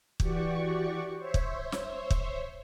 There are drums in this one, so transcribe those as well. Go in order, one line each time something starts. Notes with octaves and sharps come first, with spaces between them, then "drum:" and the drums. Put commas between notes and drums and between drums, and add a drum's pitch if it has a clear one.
E3 F#4 G4 D5 C#6, drum: kick
C5 C#5 E5
drum: kick
drum: snare
drum: kick